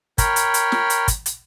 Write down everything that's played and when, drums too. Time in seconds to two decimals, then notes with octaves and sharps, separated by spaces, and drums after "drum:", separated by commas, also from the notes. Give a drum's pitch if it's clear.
0.18 A#4 C#5 G5 B5, drum: kick, hi-hat
0.36 drum: hi-hat
0.54 drum: hi-hat
0.72 drum: snare
0.90 drum: hi-hat
1.08 drum: kick, hi-hat
1.26 drum: hi-hat